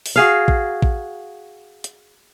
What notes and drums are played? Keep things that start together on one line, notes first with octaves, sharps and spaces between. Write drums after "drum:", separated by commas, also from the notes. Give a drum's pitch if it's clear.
drum: open hi-hat
F#4 G#4 F5
drum: kick A1
drum: kick A1
drum: hi-hat